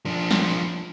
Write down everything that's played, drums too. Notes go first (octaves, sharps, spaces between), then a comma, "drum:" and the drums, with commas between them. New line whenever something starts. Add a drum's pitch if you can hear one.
F3 D4
drum: snare